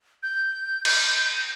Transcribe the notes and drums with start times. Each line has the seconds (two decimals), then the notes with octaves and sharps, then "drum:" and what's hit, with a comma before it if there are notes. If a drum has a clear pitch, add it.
0.23 G6
0.85 G6, drum: cymbal